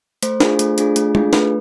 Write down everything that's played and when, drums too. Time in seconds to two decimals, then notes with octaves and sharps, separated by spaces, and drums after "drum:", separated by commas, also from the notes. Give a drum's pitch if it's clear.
0.23 A3 C5, drum: hi-hat
0.40 D4 F4 G#4, drum: snare
0.59 A3, drum: hi-hat
0.78 D4 F4 G#4, drum: hi-hat
0.96 A3, drum: hi-hat
1.15 D4 F4 G#4, drum: tom
1.33 A3 B4, drum: snare